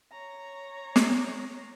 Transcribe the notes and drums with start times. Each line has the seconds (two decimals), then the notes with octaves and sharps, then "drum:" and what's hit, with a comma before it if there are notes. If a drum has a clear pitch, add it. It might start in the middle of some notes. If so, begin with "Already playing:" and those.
0.12 C#5 A#5
0.96 drum: snare